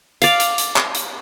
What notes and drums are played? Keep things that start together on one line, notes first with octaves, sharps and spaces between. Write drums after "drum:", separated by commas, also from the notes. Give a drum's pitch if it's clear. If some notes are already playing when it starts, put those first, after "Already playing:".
D5 F5, drum: hi-hat
drum: hi-hat
drum: hi-hat
drum: clap
drum: hi-hat